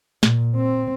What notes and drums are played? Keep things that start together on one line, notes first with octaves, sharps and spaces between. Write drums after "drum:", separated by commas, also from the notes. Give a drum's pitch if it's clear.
A#2, drum: snare
C4